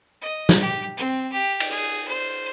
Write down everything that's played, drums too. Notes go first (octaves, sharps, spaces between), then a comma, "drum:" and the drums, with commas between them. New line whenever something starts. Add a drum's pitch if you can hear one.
D#5
drum: snare
G4
C4
G4
drum: cymbal
G#4
C5